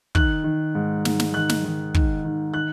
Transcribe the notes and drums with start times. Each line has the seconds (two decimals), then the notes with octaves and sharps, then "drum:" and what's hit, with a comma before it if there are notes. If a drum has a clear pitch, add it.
0.15 D#3 F#6, drum: kick
0.44 D#3
0.75 G#2
1.05 G#2, drum: snare
1.20 drum: snare
1.34 D#3 F#6
1.49 drum: snare
1.65 D#3
1.94 D#3, drum: kick
2.25 D#3
2.54 D#3 F#6